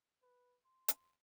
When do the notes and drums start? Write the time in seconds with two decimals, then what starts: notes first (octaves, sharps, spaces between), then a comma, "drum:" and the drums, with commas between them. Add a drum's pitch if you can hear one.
0.22 B4
0.65 C6
0.88 drum: hi-hat